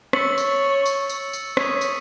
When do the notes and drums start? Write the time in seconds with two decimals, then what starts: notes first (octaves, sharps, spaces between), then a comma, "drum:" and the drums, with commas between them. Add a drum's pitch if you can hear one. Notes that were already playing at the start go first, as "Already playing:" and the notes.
0.13 C#5 C#6 E6 A6 C#7 F#7, drum: rim click
0.38 drum: tambourine
0.86 drum: tambourine
1.09 drum: tambourine
1.33 drum: tambourine
1.57 C#5 D#6 G#6 B6 D#7, drum: rim click
1.81 drum: tambourine